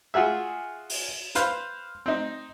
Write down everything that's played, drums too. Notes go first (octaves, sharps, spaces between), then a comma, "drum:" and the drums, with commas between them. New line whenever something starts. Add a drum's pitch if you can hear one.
F4 F#4 G#4 E5
drum: open hi-hat
B4 C5 F5, drum: hi-hat
C4 D#4